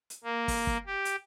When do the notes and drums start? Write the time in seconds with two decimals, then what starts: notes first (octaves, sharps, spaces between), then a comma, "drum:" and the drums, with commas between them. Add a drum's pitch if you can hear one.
0.10 drum: hi-hat
0.24 A#3
0.48 drum: kick, open hi-hat
0.67 drum: kick
0.86 G4
1.05 drum: hi-hat